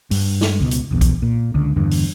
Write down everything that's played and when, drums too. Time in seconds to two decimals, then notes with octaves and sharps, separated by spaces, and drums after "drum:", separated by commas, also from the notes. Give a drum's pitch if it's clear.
0.11 G2, drum: open hi-hat
0.41 drum: snare
0.60 C#2 B2
0.71 drum: hi-hat
0.91 A#1 E2
1.01 drum: kick B1, hi-hat
1.22 A#2
1.55 C#2 D3
1.77 E2 G2 D3
1.91 drum: open hi-hat